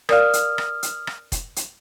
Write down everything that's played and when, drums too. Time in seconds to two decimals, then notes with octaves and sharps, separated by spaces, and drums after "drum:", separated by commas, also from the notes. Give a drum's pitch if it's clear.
0.09 A#4 D5 F5 D#6 F6, drum: rim click
0.33 drum: hi-hat
0.58 drum: rim click
0.83 drum: hi-hat
1.07 drum: rim click
1.32 drum: kick F1, hi-hat
1.56 drum: hi-hat